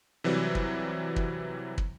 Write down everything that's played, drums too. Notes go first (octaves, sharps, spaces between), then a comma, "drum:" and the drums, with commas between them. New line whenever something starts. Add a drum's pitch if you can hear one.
C3 E3 F#3 G3
drum: kick
drum: kick
drum: kick